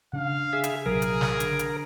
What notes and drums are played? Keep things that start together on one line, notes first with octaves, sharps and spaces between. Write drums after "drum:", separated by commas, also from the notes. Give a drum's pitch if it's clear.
C#3 D4 F5
G#4 E5
drum: hi-hat
A#1 C3 F#3 G#4 A#4
drum: hi-hat
drum: snare
D3, drum: hi-hat
drum: hi-hat